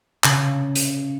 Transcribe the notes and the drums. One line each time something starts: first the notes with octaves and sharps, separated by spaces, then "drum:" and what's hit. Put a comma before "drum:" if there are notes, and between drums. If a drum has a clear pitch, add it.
C#3, drum: clap
drum: hi-hat